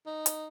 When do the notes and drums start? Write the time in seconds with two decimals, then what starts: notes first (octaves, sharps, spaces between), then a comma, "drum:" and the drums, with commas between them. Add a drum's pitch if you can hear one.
0.07 D#4
0.26 drum: hi-hat